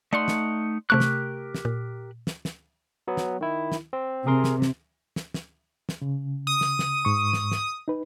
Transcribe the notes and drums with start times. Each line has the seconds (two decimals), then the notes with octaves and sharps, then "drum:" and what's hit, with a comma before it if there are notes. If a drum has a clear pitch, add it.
0.13 A3 D#4 D5 F#5 C6
0.28 drum: snare
0.90 C3 A3 G4 A#4 C#6 F#6
1.00 drum: snare
1.55 drum: snare
1.65 A#2
2.27 drum: snare
2.45 drum: snare
3.08 F#3 B3
3.17 drum: snare
3.41 D#3 E4
3.72 drum: snare
3.93 C4
4.27 C3 G#4 A#4 C6
4.44 drum: snare
4.62 drum: snare
5.16 drum: snare
5.34 drum: snare
5.89 drum: snare
6.02 C#3
6.47 D#6
6.61 drum: snare
6.79 drum: snare
7.05 G#2 C#6
7.33 drum: snare
7.52 drum: snare
7.88 D#4 B4